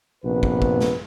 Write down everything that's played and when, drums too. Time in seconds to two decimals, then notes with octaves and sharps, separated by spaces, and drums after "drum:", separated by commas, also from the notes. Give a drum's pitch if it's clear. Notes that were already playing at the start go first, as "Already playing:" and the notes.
0.24 A#1 C3 B3 B4
0.43 drum: kick
0.62 drum: kick
0.80 drum: snare